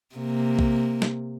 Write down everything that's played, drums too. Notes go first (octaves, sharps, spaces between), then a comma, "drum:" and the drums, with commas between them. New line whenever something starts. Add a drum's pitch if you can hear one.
C3 A#3
drum: kick A#1
drum: snare